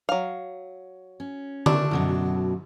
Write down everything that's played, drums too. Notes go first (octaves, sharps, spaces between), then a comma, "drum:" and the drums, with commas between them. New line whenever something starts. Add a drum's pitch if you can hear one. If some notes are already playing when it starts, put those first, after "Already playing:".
F#3 F5
C#4
A3 D4, drum: tom D3
F#2 B2 F#3